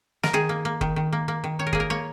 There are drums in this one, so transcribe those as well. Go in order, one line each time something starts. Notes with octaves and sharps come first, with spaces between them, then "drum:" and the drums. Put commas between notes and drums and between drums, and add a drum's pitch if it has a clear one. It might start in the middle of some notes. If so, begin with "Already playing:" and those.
A#4, drum: snare
D#3 G#4
A#3
A#3
D#3, drum: kick
D#3
A#3
A#3
D#3
D#3 C#5
A#4
A#3 G#4, drum: kick
A#4
A#3 C#5